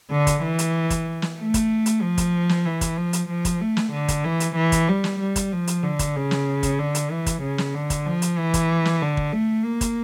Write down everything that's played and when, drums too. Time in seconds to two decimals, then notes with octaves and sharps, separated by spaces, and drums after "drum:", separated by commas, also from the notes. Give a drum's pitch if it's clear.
0.10 D3
0.27 drum: kick, hi-hat
0.43 E3
0.59 drum: hi-hat
0.90 drum: kick, hi-hat
1.22 drum: snare
1.38 A3
1.54 drum: kick, hi-hat
1.86 drum: hi-hat
2.02 F3
2.18 drum: kick, hi-hat
2.49 drum: snare
2.66 E3
2.81 drum: kick, hi-hat
2.98 F3
3.13 drum: hi-hat
3.29 F3
3.45 drum: kick, hi-hat
3.61 A3
3.77 drum: snare
3.93 D3
4.08 drum: kick, hi-hat
4.24 E3
4.40 drum: hi-hat
4.56 E3
4.72 drum: kick, hi-hat
4.89 G3
5.04 drum: snare
5.20 G3
5.36 drum: kick, hi-hat
5.52 F3
5.67 drum: hi-hat
5.83 D3
5.99 drum: kick, hi-hat
6.16 C#3
6.31 drum: snare
6.63 drum: kick, hi-hat
6.79 D3
6.95 drum: hi-hat
7.11 E3
7.26 drum: kick, hi-hat
7.43 C#3
7.58 drum: snare
7.74 D3
7.90 drum: kick, hi-hat
8.06 F3
8.22 drum: hi-hat
8.38 E3
8.54 drum: kick, hi-hat
8.85 drum: snare
9.02 D3
9.17 drum: kick
9.33 A3
9.65 A#3
9.81 drum: kick, hi-hat